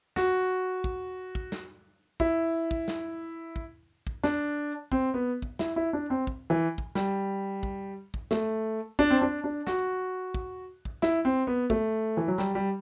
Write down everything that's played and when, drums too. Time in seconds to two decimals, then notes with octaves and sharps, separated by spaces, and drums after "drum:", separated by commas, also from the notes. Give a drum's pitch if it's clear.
0.16 F#4, drum: snare
0.84 drum: kick
1.35 drum: kick
1.52 drum: snare
2.20 E4, drum: kick
2.71 drum: kick
2.88 drum: snare
3.56 drum: kick
4.07 drum: kick
4.24 D4, drum: snare
4.92 C4, drum: kick
5.14 B3
5.42 drum: kick
5.59 E4, drum: snare
5.76 E4
5.93 D4
6.10 C4
6.27 drum: kick
6.50 E3
6.78 drum: kick
6.95 G3, drum: snare
7.63 drum: kick
8.14 drum: kick
8.31 A3, drum: snare
8.99 D4, drum: kick
9.10 C4
9.22 D4
9.44 D4
9.67 F#4, drum: snare
10.34 drum: kick
10.85 drum: kick
11.02 E4, drum: snare
11.25 C4
11.47 B3
11.70 A3, drum: kick
12.17 E3
12.28 F#3
12.38 G3, drum: snare
12.55 G3